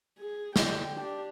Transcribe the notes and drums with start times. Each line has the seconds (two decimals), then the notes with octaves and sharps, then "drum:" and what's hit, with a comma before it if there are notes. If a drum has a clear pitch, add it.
0.19 G#4
0.56 D3 G5, drum: snare
0.99 D4 G4